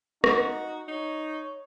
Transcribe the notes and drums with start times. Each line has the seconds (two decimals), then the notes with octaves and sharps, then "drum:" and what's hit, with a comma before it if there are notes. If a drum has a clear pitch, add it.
0.24 D#4 F#4, drum: rim click
0.88 D#4 C#5